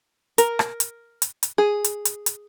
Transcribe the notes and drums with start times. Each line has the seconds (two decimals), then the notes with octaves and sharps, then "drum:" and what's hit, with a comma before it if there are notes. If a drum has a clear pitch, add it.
0.38 A#4, drum: hi-hat
0.59 drum: rim click
0.80 drum: hi-hat
1.22 drum: hi-hat
1.43 drum: hi-hat
1.58 G#4
1.84 drum: hi-hat
2.05 drum: hi-hat
2.26 drum: hi-hat